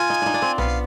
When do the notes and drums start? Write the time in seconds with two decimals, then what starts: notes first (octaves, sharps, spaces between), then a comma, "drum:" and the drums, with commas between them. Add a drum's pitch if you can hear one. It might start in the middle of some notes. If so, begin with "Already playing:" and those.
Already playing: F4 G#5
0.10 D#4
0.22 D4 D#4
0.34 D4
0.42 C4
0.58 B3 F5, drum: tom B1